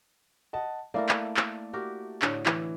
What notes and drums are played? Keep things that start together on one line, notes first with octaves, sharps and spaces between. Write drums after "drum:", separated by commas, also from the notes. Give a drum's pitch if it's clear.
D#5 F#5 A5
A3 A#3 E4 A#4 D5
drum: clap
drum: clap
F#4 G4 A#4
A2 D3, drum: clap
E3, drum: clap